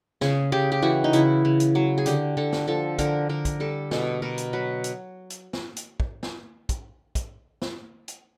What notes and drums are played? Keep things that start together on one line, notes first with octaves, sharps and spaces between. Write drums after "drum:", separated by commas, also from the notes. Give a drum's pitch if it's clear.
C#3 G#4, drum: snare
C#3 G4
G4
E3 F#4
D#4
C#3 E4, drum: hi-hat
C#3
drum: hi-hat
F#3
G#4
D3 G4, drum: hi-hat
D3 A4
drum: snare
F3 A4
D3 A#4, drum: kick, hi-hat
D3 A#4
drum: kick, hi-hat
G3 A4
B2 A4, drum: snare
B2 A#4
drum: hi-hat
F#3 B4
drum: hi-hat
drum: hi-hat
drum: snare
drum: hi-hat
drum: kick
drum: snare
drum: kick, hi-hat
drum: kick, hi-hat
drum: snare
drum: hi-hat